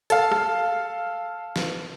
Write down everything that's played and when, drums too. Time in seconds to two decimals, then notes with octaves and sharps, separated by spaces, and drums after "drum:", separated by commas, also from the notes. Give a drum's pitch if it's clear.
0.10 A4 F5, drum: hi-hat
0.32 drum: rim click
1.56 drum: snare